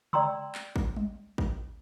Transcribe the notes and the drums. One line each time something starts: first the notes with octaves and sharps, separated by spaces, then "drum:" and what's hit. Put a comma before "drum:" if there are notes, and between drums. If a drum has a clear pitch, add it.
D5 G5 A#5 C6 E6, drum: tom C#3
drum: clap
drum: kick
drum: tom G3
drum: kick